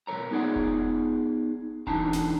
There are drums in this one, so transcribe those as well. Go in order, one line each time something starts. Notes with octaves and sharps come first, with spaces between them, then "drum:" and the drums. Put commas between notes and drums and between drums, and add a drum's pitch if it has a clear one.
B1 B2 A#4 C#5 A#5
B3 D#4 G#4 D5 F#5
drum: kick E1
B1 E3 D4 D#4 A5 A#5, drum: kick E1
drum: snare